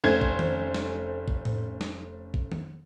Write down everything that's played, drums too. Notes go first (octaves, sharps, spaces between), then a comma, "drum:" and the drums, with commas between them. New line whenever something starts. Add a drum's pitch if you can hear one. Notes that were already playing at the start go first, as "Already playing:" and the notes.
F1 A3 C#4 C5 G#6
drum: kick
drum: tom D#3
drum: snare
drum: kick
drum: tom A2
drum: snare
drum: kick
drum: tom D#3